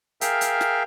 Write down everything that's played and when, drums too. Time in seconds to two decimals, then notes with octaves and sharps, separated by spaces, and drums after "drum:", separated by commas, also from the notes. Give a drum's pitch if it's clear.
0.21 G#4 A#4 E5 F5 G5, drum: hi-hat
0.41 drum: hi-hat
0.61 drum: snare